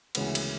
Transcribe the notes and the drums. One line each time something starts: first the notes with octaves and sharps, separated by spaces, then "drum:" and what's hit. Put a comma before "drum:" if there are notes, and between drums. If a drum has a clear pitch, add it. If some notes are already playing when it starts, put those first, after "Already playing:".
D2 C#3 E3 G#3 B3, drum: cymbal
drum: cymbal